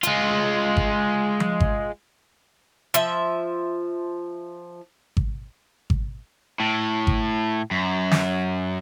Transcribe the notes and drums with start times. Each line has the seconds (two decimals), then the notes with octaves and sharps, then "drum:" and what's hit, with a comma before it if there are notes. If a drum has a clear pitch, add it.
0.03 G#3 F4, drum: hi-hat
0.77 drum: kick G#1
1.40 drum: tom F3
1.60 drum: kick G#1
2.94 F3 E5, drum: hi-hat
5.17 drum: kick G#1
5.90 drum: kick G#1
6.60 A2
7.07 drum: kick G#1
7.71 F#2
8.11 drum: snare